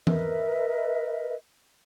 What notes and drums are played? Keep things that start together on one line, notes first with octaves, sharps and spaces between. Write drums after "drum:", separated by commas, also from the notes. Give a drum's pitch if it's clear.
A#4 B4 D#5 E5, drum: tom E3